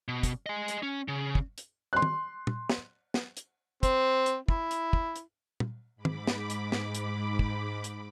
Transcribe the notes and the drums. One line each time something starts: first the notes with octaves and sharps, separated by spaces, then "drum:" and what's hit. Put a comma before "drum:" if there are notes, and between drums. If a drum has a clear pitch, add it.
B2
drum: kick, hi-hat
D#5 G#5
drum: hi-hat
C#4
C#3
drum: kick
drum: hi-hat
C6 F#6
drum: tom
drum: tom
drum: snare
drum: snare
drum: hi-hat
C4, drum: kick, hi-hat
drum: hi-hat
E4, drum: kick
drum: hi-hat
drum: kick
drum: hi-hat
drum: tom
G#2 B5 D6
drum: tom
drum: snare
drum: hi-hat
drum: snare
drum: hi-hat
drum: kick
drum: hi-hat